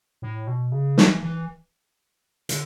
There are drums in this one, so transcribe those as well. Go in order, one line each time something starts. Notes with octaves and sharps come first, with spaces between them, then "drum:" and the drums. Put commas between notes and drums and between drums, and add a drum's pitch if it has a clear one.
A2
B2
C#3
E3, drum: snare
E3
D3, drum: hi-hat